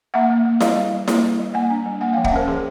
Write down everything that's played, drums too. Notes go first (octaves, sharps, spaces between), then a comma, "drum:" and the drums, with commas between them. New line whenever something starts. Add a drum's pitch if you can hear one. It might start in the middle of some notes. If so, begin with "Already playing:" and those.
A#3 E5 F#5
A#3
A#3
G3 D#5 F5, drum: snare E4
G3
G3
A#3, drum: snare E4
G3
G3
A#3 F#5 G#5
D4
G3
A#3 F#5 G#5
F3 F5 G5
E5 F#5, drum: kick
C#4 A#4 C5
F3 G#4 A#4